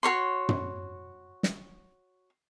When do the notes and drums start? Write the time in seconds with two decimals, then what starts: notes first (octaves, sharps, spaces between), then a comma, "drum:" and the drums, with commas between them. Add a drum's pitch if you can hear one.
0.03 F#4 A#4 C#5 C6
0.49 drum: tom
1.43 drum: snare